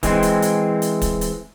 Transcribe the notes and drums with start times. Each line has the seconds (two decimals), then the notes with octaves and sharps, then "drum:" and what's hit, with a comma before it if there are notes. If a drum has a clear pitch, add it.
0.03 E3 G#3 C4, drum: kick, hi-hat
0.23 drum: hi-hat
0.42 drum: hi-hat
0.82 drum: hi-hat
1.01 drum: kick, hi-hat
1.21 drum: hi-hat